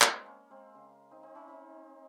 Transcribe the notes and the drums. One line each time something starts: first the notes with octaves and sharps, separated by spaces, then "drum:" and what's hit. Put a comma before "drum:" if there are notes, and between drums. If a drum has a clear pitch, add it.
G#3 C4, drum: clap
A#3 C#4
G#3 C4
C#3
C4 D#4
C4 D#4
C4 D#4
C4 D#4